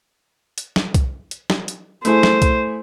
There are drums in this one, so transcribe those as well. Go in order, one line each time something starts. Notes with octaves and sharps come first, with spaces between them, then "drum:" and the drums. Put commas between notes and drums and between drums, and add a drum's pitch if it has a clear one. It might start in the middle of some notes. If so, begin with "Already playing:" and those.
drum: hi-hat
drum: snare
drum: kick C2, hi-hat
drum: hi-hat
drum: snare
drum: hi-hat
A3 E4 G#4 C5, drum: hi-hat
drum: snare
drum: kick C2, hi-hat